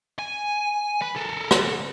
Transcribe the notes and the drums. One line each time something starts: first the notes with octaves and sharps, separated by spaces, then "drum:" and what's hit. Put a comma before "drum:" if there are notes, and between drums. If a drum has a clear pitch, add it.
G#5
B4
A4 A#4
drum: rim click